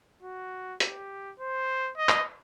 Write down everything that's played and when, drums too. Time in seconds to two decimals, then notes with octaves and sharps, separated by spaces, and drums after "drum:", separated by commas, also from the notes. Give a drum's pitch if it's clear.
0.23 F#4
0.80 G4, drum: hi-hat
1.39 C5
1.97 D#5
2.09 drum: clap